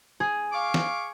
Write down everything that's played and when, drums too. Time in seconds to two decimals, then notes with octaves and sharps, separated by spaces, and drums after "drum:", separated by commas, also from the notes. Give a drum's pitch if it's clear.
0.20 G#4
0.53 F5 C#6 D6
0.74 drum: snare